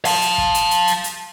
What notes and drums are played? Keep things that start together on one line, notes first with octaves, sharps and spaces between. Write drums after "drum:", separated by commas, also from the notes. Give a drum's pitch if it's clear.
F5 A5, drum: open hi-hat
drum: hi-hat
drum: kick
drum: hi-hat
drum: hi-hat
drum: hi-hat
drum: hi-hat